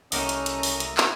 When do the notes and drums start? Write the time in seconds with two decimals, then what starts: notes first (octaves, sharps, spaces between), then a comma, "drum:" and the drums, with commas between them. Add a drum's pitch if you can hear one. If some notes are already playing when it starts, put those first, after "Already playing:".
0.12 C2 A3 A#3 C#4 D#4 A#5 D#6, drum: open hi-hat
0.29 drum: hi-hat
0.46 drum: hi-hat
0.63 drum: open hi-hat
0.80 drum: hi-hat
0.97 drum: clap